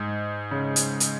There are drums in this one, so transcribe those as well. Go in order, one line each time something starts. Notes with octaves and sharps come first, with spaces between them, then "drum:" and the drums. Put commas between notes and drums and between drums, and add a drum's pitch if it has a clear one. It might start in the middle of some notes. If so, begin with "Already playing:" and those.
Already playing: G#2
C#3
drum: hi-hat
drum: hi-hat